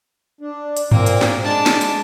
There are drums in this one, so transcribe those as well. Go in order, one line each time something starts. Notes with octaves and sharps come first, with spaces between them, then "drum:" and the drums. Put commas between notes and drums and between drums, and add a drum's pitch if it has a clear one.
D4
drum: hi-hat
A#2 A#3 C4, drum: tom G2
drum: hi-hat
drum: snare
G#3 D4 A5
drum: snare
drum: hi-hat